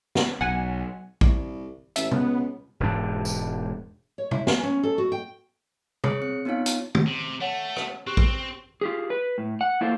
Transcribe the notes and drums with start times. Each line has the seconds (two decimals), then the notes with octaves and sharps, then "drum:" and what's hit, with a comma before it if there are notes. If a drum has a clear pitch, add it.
0.15 drum: snare
0.41 B1 F#5 G#5
1.21 C2, drum: kick A1
1.96 A1 E5, drum: hi-hat
2.11 C#2 B3, drum: tom
2.80 E1 G#2 D4
3.25 drum: tambourine
4.18 C#5
4.31 E4, drum: tom
4.47 G#5, drum: snare
4.63 C#4
4.83 A4
4.98 F#4
5.12 G5
6.04 G#4 C#5 D#6 C#7, drum: tom
6.22 C4 C#7
6.45 B3 D4 D#4 F4 C#5 F5
6.66 drum: hi-hat
6.95 drum: tom
7.06 C3
7.41 A3 C#5 F#5 G#5
7.76 drum: rim click
8.07 C4 G4 C#6 F#6
8.17 drum: kick A1
8.81 F4 G4 G#4
9.10 B4
9.38 A2
9.61 F#5
9.81 A#3 E4 F4 A4 C5